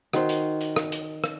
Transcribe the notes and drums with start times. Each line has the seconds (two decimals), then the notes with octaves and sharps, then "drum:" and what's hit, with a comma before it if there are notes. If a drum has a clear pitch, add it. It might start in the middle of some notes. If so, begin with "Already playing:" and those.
0.13 D#3 F#4 C5, drum: rim click
0.29 drum: hi-hat
0.61 drum: hi-hat
0.76 drum: rim click
0.92 drum: hi-hat
1.24 drum: rim click